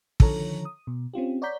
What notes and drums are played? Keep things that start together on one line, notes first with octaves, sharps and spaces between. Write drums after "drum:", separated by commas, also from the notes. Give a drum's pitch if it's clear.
D3 D#3 F3 A4 C#5 A#5, drum: kick
D#6
B2
C4 C#4 F4 G4
C#5 D5 F#5 A#5 G6 B6